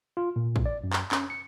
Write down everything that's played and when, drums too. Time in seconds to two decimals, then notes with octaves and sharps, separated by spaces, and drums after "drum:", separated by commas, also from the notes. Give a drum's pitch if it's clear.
0.17 F4
0.36 A#2
0.56 drum: kick
0.66 D5
0.84 F#2
0.93 drum: clap
1.12 C#4, drum: clap
1.30 C#7